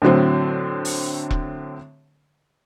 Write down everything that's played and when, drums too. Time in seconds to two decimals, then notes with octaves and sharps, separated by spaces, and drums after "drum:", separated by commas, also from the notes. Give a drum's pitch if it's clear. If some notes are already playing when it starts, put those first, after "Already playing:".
0.02 A2 D3 F#3 C4
0.85 drum: open hi-hat
1.31 drum: kick E1